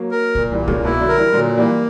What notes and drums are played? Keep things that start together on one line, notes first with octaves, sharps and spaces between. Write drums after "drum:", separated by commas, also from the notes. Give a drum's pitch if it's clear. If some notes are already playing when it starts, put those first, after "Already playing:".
Already playing: F#3 A#3
A#4
A#2, drum: kick C2
E3 G3
A#3
A#2 C#3, drum: kick C2
B2 E4
D3 F#3
A#4
E3 G3
A#2 D3 F#3
E3 G3 A#3